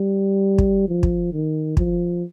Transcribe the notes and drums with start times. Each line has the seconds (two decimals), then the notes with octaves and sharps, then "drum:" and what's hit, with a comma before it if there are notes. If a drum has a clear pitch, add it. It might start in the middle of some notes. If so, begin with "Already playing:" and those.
Already playing: G3
0.58 drum: kick
0.88 F3
1.03 drum: kick
1.32 D#3
1.77 F3, drum: kick